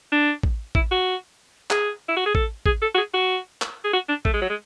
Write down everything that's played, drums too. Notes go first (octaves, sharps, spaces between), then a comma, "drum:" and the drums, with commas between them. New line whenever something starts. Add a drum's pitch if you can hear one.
D4
drum: kick A1
E4, drum: kick A1
F#4
G#4, drum: clap
E4
F#4
G#4
A4, drum: kick A1
G#4, drum: kick A1
A4
F#4
G#4
F#4
drum: clap
G#4
F#4
D4
A3, drum: kick A1
G#3
F#3
G#3